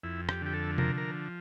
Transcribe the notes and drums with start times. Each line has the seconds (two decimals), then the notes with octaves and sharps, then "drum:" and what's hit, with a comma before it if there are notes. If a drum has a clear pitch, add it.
0.03 F2 E4
0.29 G4, drum: rim click
0.42 D3 G4
0.53 A4
0.78 F3 A#4, drum: tom C3
0.98 A#4